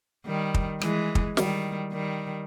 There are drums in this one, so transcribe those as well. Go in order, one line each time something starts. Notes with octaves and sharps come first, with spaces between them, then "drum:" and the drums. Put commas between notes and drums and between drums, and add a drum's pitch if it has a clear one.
D#3 G3
drum: kick
E3 G#3, drum: rim click
drum: kick
D#3 G3, drum: snare
D#3 G3